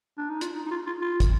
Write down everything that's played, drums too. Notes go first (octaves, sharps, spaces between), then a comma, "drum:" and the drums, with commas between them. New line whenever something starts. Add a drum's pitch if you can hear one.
D4
D#4
F4, drum: hi-hat
D#4
D#4
F4
F4
F4
drum: kick, hi-hat